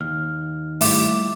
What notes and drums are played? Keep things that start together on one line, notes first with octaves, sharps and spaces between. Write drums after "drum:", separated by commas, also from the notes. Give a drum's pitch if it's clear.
D#2 F6
G3 A3 E4 F4 E5 D6, drum: open hi-hat